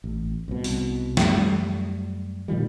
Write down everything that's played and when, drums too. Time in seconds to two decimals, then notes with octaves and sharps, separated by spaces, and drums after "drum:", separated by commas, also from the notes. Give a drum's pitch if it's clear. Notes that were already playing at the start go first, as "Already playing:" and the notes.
0.04 A1
0.48 C2 B2
0.64 drum: open hi-hat
1.17 F#2 G3 A3, drum: snare
2.48 A#2 D#3 F3 G3